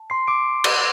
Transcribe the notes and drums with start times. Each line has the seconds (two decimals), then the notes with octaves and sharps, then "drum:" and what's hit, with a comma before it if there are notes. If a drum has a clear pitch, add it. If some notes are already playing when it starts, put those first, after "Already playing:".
Already playing: A5
0.10 C6 C7
0.28 D6 D7
0.64 drum: cymbal